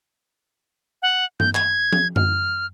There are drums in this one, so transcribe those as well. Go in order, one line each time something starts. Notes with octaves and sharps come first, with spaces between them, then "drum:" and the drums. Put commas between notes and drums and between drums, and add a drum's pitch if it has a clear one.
F#5
G6, drum: tom G2
G#6, drum: clap
drum: tom F3
F6, drum: tom F#2